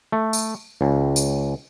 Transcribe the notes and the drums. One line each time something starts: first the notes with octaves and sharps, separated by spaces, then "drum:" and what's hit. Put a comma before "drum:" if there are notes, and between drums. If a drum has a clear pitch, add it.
A3
drum: tambourine
C#2
drum: tambourine